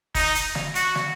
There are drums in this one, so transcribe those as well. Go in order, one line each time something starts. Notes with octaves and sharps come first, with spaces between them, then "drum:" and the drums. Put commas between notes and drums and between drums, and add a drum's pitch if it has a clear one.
D#4, drum: kick, open hi-hat
drum: hi-hat
drum: snare
F#4, drum: hi-hat
drum: snare